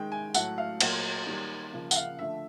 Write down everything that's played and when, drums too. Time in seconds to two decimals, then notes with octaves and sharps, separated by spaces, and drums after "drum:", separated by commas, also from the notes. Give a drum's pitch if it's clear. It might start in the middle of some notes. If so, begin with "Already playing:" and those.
Already playing: D#3 G#3 G5
0.12 G#5
0.34 A2 F#3 A3 F#5, drum: tambourine
0.58 F5
0.81 A#2 F#3 A#3 F#5, drum: cymbal
1.27 D#3 G3 A#3
1.73 C#3 F3 A#3
1.91 F#5, drum: tambourine
1.96 F5
2.19 D3 F3 A3 E5